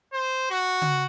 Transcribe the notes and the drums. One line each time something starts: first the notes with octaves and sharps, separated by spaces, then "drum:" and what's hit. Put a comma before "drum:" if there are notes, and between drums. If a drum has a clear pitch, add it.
C5
F#4
drum: tom C#3